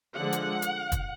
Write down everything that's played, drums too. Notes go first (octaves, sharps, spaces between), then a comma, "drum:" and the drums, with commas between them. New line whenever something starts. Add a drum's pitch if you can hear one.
D3 F3 G#3 F#5
drum: hi-hat
drum: hi-hat
drum: kick, hi-hat